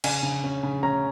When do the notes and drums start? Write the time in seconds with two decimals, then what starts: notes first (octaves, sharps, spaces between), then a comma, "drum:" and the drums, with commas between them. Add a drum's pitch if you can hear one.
0.04 C#3 G#5, drum: cymbal
0.23 C#3
0.44 C#4
0.63 C#3
0.83 C#4 A#5